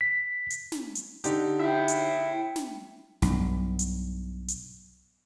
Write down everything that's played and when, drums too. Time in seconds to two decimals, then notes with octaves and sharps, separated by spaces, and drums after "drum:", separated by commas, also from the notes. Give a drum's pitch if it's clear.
0.01 B6
0.50 drum: hi-hat
0.72 drum: snare
0.95 drum: hi-hat
1.24 D3 D#4 G4, drum: hi-hat
1.61 E4 E5 G5
1.88 drum: hi-hat
2.56 drum: snare
3.22 B1 G2, drum: snare
3.79 drum: hi-hat
4.48 drum: hi-hat